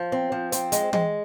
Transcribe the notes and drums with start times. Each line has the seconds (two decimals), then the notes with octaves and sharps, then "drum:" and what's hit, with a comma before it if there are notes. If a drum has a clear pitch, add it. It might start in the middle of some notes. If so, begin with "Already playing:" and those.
Already playing: F3
0.12 C4
0.32 F3
0.52 C4, drum: hi-hat
0.72 G#3, drum: hi-hat
0.93 G#3, drum: tom